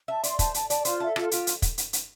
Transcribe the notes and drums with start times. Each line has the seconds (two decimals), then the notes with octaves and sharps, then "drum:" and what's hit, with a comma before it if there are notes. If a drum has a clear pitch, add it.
0.08 E5 A5
0.23 D5 C6, drum: hi-hat
0.39 C5 A5, drum: kick, hi-hat
0.54 D5 A5, drum: hi-hat
0.70 D5 A5, drum: hi-hat
0.85 F4 C5, drum: hi-hat
1.00 A4 E5
1.16 F4 A4, drum: rim click
1.31 F4 G4, drum: hi-hat
1.47 drum: hi-hat
1.62 drum: kick, hi-hat
1.78 drum: hi-hat
1.93 drum: hi-hat